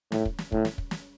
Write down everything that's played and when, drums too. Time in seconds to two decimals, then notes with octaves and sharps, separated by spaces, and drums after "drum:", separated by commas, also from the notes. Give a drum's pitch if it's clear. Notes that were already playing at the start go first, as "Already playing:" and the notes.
0.12 A2, drum: snare
0.25 drum: kick
0.39 drum: snare
0.52 A2, drum: kick
0.65 drum: snare
0.78 drum: kick
0.91 drum: snare